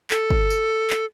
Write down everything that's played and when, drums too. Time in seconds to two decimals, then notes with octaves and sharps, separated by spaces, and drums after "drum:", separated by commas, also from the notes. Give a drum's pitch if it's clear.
0.11 A4, drum: clap
0.30 drum: kick
0.50 drum: tambourine
0.90 drum: clap